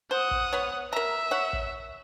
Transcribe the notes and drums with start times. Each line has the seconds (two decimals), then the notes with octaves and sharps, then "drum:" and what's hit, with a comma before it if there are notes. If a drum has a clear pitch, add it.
0.11 C5 F#5 D#6
0.31 drum: kick
0.53 B3 C#5
0.93 A#4 E5 A#5
1.31 C#5 F#5
1.53 drum: kick